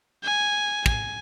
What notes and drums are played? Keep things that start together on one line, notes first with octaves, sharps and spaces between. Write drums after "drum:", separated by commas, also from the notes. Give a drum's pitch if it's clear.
G#5
G#5, drum: kick